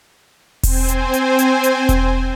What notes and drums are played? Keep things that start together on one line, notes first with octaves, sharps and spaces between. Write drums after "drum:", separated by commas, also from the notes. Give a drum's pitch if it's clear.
C4 C5 G#5, drum: kick E1, open hi-hat
drum: hi-hat
drum: hi-hat
drum: hi-hat
drum: hi-hat
drum: kick E1, hi-hat